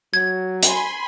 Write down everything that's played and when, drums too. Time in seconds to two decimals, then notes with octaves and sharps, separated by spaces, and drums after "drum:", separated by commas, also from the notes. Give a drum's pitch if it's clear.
0.14 F#3 G#6
0.63 G#5 B5 C6, drum: hi-hat